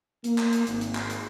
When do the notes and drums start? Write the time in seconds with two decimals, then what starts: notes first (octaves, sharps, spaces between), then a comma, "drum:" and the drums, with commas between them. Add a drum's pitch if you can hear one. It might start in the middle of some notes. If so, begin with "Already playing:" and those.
0.24 A#3, drum: hi-hat
0.38 drum: clap
0.52 drum: hi-hat
0.67 G#1, drum: hi-hat
0.81 drum: hi-hat
0.95 drum: clap
1.10 drum: hi-hat